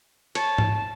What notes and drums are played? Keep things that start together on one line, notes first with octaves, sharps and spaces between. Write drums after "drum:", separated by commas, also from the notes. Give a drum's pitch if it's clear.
C#5 A5, drum: cymbal
drum: tom G#2